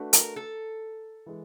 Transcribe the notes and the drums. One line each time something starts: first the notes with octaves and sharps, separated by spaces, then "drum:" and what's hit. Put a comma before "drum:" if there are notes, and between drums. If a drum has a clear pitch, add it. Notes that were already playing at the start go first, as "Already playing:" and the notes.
Already playing: A3 D4 F#4 B4
A#4, drum: hi-hat
A4
E3 G#3